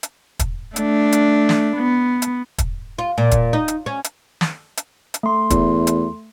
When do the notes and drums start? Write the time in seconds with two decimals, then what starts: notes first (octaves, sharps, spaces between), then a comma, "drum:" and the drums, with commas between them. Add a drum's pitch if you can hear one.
0.03 drum: hi-hat
0.39 drum: kick, hi-hat
0.76 A3 D4, drum: hi-hat
1.12 drum: hi-hat
1.49 drum: snare
1.77 B3
2.22 drum: hi-hat
2.58 drum: kick, hi-hat
2.99 F4
3.18 A#2
3.31 drum: kick, hi-hat
3.53 D#4
3.68 drum: hi-hat
3.86 C#4
4.04 drum: hi-hat
4.41 drum: snare
4.77 drum: hi-hat
5.14 drum: hi-hat
5.23 A3 C6
5.50 E2, drum: kick, hi-hat
5.87 drum: hi-hat